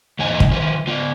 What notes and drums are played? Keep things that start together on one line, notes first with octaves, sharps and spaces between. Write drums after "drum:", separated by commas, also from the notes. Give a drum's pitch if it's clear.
E2 A#2 D#4 G#5
drum: kick
D#3 F3 F4 B4
B3 F4